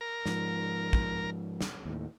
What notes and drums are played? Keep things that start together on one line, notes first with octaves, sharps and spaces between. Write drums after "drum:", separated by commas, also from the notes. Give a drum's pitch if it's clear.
A#4
G#2 F3, drum: snare
drum: kick
drum: snare
D#2 A2